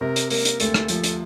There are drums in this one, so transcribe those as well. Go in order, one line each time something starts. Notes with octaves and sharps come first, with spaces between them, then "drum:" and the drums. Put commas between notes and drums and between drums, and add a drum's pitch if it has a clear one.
C3 A#4
drum: hi-hat
A#3 A#4, drum: open hi-hat
drum: hi-hat
D2 A4, drum: hi-hat
drum: rim click
F3 A4, drum: hi-hat
drum: hi-hat